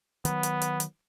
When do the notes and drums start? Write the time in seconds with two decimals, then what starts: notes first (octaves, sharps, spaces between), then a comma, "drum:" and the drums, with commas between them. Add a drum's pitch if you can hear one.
0.25 D#3 F#3 B3, drum: hi-hat
0.43 drum: hi-hat
0.62 drum: hi-hat
0.80 drum: hi-hat